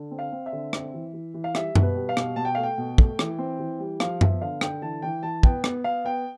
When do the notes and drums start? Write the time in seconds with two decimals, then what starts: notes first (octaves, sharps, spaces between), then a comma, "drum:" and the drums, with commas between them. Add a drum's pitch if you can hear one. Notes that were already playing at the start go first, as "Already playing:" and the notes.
Already playing: D3
0.11 C4
0.19 F5
0.32 C4
0.46 E5
0.52 D3
0.73 C4, drum: rim click
0.94 E3
1.14 E3
1.34 E3
1.44 F5
1.55 G3 E5, drum: rim click
1.75 B2, drum: tom F#2
1.83 B4
1.95 G3
2.09 F5
2.17 B2, drum: rim click
2.36 B2 A5
2.45 G5
2.55 A3 F5
2.63 G5
2.78 B2
2.98 A3, drum: kick
3.19 E3, drum: rim click
3.38 C4
3.60 E3
3.80 G3
4.00 F3 F5, drum: rim click
4.21 B3 E5, drum: tom F#2
4.41 D3 F5
4.61 D3 G5, drum: rim click
4.82 E3 A5
5.02 E3 G5
5.23 E3 A5
5.43 B3 G5, drum: kick
5.64 B3, drum: rim click
5.84 B3 F5
6.05 B3 G5